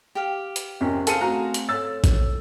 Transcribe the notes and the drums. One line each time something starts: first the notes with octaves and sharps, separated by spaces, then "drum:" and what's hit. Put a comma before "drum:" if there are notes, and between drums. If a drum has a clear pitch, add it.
G4 F5 G5
drum: hi-hat
F2 C3 C#4 A#4 G5
G#4 A4 C5 F5 C#7 D#7, drum: hi-hat
A3 C4 F#4 A#5
drum: hi-hat
A4 C#5 E6 A6
drum: kick A#1, hi-hat